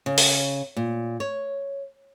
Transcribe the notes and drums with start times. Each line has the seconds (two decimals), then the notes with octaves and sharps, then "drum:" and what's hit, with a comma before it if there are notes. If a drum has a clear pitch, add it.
0.06 C#3
0.18 drum: open hi-hat
0.76 A#2
1.20 C#5